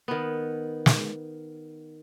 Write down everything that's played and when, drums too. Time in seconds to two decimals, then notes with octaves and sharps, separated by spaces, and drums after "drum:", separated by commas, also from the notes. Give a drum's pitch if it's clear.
0.08 D#3 B3
0.86 drum: snare